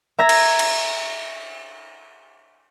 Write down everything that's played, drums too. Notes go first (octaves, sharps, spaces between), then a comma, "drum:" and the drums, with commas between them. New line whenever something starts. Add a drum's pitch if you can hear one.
E5 A#5 G#6 A#6
drum: cymbal
drum: cymbal